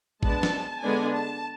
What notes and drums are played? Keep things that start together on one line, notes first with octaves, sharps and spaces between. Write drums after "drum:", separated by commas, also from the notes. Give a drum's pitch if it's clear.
G#3 B3 D4 A5, drum: kick G#1
drum: snare
D3 G#3 B3 D4 G#5
A5